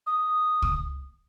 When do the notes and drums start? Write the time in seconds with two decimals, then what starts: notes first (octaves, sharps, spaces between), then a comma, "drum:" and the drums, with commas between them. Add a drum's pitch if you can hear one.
0.07 D#6
0.62 drum: kick